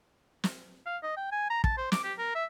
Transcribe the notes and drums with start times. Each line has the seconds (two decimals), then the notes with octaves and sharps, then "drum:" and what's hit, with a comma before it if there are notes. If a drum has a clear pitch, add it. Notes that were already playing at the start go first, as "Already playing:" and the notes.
0.44 drum: snare
0.86 F5
1.03 D#5
1.17 G5
1.32 G#5
1.50 A#5
1.64 A5, drum: kick
1.78 C5
1.92 D6, drum: snare
2.04 G4
2.19 A#4
2.35 E5